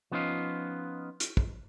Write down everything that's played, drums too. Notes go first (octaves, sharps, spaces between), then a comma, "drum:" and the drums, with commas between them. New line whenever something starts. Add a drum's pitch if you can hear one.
F3 B3 C#4 D#4 F4
drum: hi-hat
drum: kick